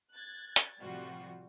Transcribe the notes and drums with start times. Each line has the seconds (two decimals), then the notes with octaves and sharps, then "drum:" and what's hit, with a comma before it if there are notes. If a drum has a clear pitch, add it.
0.14 F#6 G#6 A6
0.56 drum: hi-hat
0.80 A2 C3 F3 G3 F4 F#4